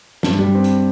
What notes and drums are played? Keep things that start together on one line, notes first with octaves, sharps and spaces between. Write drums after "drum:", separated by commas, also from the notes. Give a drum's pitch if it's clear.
G2, drum: snare
G3
C4
drum: hi-hat